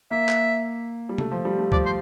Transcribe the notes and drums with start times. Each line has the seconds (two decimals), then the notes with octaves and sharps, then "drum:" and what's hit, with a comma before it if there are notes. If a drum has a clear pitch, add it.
0.11 A#3 E5
0.29 drum: clap
1.09 G3
1.18 A3, drum: tom C3
1.31 F3
1.45 G3
1.59 A3
1.72 F3 D5, drum: kick C#2
1.86 C5